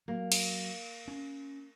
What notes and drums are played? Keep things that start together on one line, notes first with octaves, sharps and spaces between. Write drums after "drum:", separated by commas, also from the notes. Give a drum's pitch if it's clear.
F#3 A#3
drum: cymbal
C#4